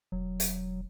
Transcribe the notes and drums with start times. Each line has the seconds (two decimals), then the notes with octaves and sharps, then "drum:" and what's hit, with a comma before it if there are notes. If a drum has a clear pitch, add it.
0.12 E1 F#3
0.40 drum: hi-hat